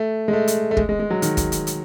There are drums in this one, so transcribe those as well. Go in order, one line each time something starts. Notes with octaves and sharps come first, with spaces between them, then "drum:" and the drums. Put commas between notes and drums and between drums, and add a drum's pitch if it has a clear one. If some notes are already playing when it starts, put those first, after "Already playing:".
Already playing: A3
G#3
A3
drum: hi-hat
A3
G#3, drum: kick
G#3
G#3
F#3
D#3, drum: hi-hat
drum: kick, hi-hat
drum: hi-hat
drum: hi-hat